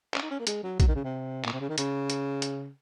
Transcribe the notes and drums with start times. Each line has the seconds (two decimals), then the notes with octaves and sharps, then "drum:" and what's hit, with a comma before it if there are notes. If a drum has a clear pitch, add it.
0.14 C#4, drum: clap
0.23 D#4
0.31 C#4
0.39 A#3
0.47 G#3, drum: hi-hat
0.63 F#3
0.80 F#3, drum: kick, hi-hat
0.88 D#3
0.95 C#3
1.04 C3
1.45 A#2, drum: clap
1.53 C3
1.60 C#3
1.69 D#3
1.78 C#3, drum: hi-hat
2.10 drum: hi-hat
2.42 drum: hi-hat